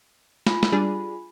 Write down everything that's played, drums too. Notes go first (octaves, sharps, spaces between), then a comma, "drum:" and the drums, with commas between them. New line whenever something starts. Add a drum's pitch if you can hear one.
F4 G#5 B5, drum: snare
drum: snare
G3 D4 G#4